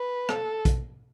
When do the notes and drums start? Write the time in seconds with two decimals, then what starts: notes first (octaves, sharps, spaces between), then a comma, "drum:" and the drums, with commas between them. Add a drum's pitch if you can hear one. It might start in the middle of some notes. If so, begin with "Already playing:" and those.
Already playing: B4
0.29 A4, drum: rim click
0.65 drum: kick, hi-hat